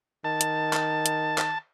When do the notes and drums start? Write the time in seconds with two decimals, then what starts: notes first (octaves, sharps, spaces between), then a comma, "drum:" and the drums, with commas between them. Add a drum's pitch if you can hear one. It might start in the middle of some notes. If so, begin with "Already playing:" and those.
0.24 D#3 A5
0.41 drum: hi-hat
0.73 drum: clap
1.06 drum: hi-hat
1.38 drum: clap